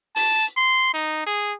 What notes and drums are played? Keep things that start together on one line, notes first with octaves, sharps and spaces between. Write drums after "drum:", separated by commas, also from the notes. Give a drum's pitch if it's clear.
A5, drum: open hi-hat
C6
D#4
G#4